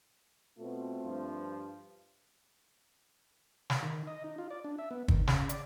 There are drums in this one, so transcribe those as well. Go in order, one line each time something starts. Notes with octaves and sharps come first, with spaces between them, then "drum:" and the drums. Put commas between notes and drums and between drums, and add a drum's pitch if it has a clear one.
B2 A3 C4 F4
G2 F3
drum: snare
D#3
D#5
D#4
F4
D5
D4
E5
B3
D#3, drum: kick
C#3, drum: snare
D5, drum: hi-hat